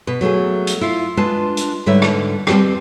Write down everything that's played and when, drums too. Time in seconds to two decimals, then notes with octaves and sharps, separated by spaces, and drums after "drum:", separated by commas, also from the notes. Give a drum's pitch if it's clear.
0.07 B2 B4
0.21 F#3 A3 A#3 G#4
0.67 drum: hi-hat
0.81 E4 F4 F5
1.17 G#3 D4 F4 B4 A5
1.57 drum: hi-hat
1.86 G#2 D3 G3 B4 C#5 E5
2.02 drum: rim click
2.47 G3 C4 G4 B4 G5, drum: rim click